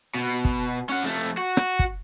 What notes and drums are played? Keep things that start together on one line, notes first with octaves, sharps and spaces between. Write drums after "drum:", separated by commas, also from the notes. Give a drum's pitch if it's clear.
B2
drum: kick
C#4 F#5
F2 A3
F#4
drum: rim click
drum: kick